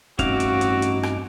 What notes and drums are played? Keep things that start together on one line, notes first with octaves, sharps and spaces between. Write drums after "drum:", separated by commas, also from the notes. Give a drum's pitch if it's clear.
A1 G2 C4 D#4 E4 F#4 F5 D6, drum: kick, hi-hat
drum: hi-hat
drum: hi-hat
drum: hi-hat
drum: rim click